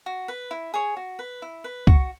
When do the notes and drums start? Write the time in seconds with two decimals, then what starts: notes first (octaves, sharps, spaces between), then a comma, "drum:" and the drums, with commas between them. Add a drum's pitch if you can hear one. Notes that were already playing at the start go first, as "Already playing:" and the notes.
0.06 F#4
0.28 B4
0.51 E4
0.74 G#4 C#5
0.97 F#4
1.19 B4
1.42 E4
1.64 B4
1.87 F#4 C#6, drum: kick